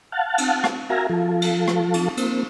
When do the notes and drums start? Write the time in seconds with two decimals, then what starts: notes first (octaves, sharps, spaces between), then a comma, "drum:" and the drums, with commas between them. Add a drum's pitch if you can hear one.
0.12 F5 F#5 A5
0.38 drum: cymbal
0.64 drum: rim click
0.90 F#4 A#4 E5 F5 G#5 A#5
1.09 F3 F4 A4
1.42 drum: cymbal
1.68 drum: rim click
1.94 drum: cymbal
2.17 A#3 C4, drum: cymbal